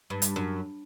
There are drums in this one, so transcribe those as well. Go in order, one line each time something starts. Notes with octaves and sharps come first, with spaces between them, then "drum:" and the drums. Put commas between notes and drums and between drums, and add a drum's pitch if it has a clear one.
G2
drum: hi-hat
F#2